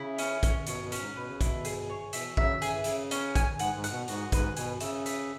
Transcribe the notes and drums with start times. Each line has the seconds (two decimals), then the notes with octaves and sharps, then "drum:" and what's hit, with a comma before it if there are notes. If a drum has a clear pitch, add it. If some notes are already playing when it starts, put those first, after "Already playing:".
Already playing: C#3 E4
0.18 C#4, drum: hi-hat
0.43 C#4, drum: kick, hi-hat
0.67 B2 C#4, drum: hi-hat
0.84 B2
0.92 C#4, drum: hi-hat
1.00 G#2
1.16 B2 B4
1.29 C#3
1.41 B2 E4, drum: kick, hi-hat
1.65 G#4, drum: hi-hat
1.89 C#5
2.13 B2 E3 E5, drum: hi-hat
2.37 C#3 F#3 E5, drum: kick
2.62 C#3 G#4, drum: hi-hat
2.73 E3
2.84 C#3 G#4, drum: hi-hat
3.11 C#4, drum: hi-hat
3.35 G#5, drum: kick, hi-hat
3.59 G#2 F#5, drum: hi-hat
3.75 G#2
3.84 F#5, drum: hi-hat
3.92 B2
4.08 G#2 F#4, drum: hi-hat
4.32 G#2 B4, drum: kick, hi-hat
4.56 B2 G#5, drum: hi-hat
4.80 C#3 E5, drum: hi-hat
5.06 E5, drum: hi-hat